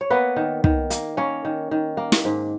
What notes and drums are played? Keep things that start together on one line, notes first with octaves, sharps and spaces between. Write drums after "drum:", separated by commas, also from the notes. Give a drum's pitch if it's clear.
C#5
A#3 B3 B4
D#3
D#3, drum: kick
A#3, drum: hi-hat
A#3 C#4 C#5
D#3
D#3
A#3
drum: snare
G#2